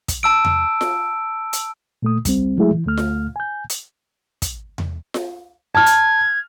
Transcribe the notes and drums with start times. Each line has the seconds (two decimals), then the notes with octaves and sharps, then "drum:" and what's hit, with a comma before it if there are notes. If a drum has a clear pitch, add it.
0.08 drum: kick, hi-hat
0.23 A5 E6 D7
0.45 drum: tom E2
0.81 drum: snare F4
1.53 drum: hi-hat
2.02 A#2 A3 D#6
2.25 C#2 G3 C4, drum: kick, hi-hat
2.58 F#3 G#3 A3 E4 G#4 E5
2.71 E3
2.86 D2 A3 F6
2.97 drum: snare F4
3.36 G#5 G6
3.70 drum: hi-hat
4.42 drum: kick, hi-hat
4.78 drum: tom E2
5.14 drum: snare F4
5.75 A5 F6 G#6
5.86 drum: hi-hat